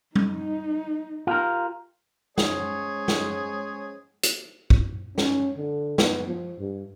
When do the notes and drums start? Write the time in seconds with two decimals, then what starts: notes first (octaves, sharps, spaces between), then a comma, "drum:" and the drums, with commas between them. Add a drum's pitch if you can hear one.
0.15 D#4, drum: tom G3
1.27 F4 G4 A#4
2.38 G#3 C#4 G#4 C5 C#5, drum: snare
3.08 drum: snare
4.23 drum: hi-hat
4.70 drum: kick
5.18 C#4, drum: snare
5.57 D3
5.98 B3, drum: snare
6.27 F3
6.59 G2